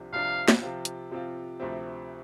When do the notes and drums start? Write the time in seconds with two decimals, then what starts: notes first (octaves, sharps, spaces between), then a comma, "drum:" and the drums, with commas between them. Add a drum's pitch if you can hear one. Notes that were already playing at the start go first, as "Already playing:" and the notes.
Already playing: C2 C3 F3 D4
0.13 C2 C3 F3 D4 F5
0.48 drum: snare
0.61 C3 F3 C4 F4
0.85 drum: hi-hat
1.11 C3 F3 C4 F4
1.60 D2 C3 F3 A3 C4